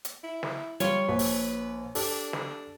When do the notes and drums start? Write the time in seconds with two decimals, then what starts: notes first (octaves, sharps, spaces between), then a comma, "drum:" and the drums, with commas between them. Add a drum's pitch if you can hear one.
0.05 drum: hi-hat
0.23 E4
0.43 drum: snare
0.80 G3 F4 C#5 C6, drum: hi-hat
1.09 A#1 B4
1.19 drum: open hi-hat
1.95 D4 G4 A4, drum: open hi-hat
2.33 drum: snare